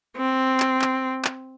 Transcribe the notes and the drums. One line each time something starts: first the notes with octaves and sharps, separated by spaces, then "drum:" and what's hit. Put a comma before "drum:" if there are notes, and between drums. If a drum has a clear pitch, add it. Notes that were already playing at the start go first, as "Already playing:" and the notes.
C4
drum: clap
drum: clap
drum: clap